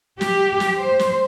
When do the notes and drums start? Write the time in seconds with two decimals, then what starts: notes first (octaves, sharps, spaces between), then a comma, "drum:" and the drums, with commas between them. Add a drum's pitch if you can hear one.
0.21 G4, drum: snare
0.60 drum: snare
0.78 C5
0.99 drum: snare